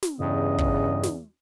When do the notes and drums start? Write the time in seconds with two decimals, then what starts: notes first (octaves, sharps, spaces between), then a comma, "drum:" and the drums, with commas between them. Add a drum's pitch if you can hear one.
0.03 drum: snare
0.20 E2 G2 C#3 D#5
0.58 drum: kick
1.03 drum: snare